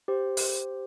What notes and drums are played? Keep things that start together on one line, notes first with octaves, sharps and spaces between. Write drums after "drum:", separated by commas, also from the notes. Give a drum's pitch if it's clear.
G4 C5
drum: open hi-hat